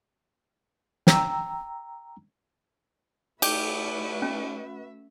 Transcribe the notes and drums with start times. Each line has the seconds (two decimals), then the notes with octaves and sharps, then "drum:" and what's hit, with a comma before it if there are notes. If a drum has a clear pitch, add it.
1.07 G5 A#5 E6, drum: snare
3.42 A3 F#4 G4 B4 E5, drum: cymbal
4.22 C#4